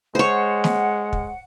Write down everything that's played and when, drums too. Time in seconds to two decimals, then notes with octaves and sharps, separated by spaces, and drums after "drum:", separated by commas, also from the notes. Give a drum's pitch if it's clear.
0.15 G#3 C5 C#5 F#5
0.64 drum: snare
1.13 drum: kick